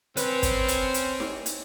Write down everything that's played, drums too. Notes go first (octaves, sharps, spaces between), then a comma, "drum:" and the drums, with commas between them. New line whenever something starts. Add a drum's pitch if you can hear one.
C4 C#4 B4, drum: hi-hat
drum: kick, hi-hat
drum: hi-hat
drum: hi-hat
drum: snare D#4
drum: hi-hat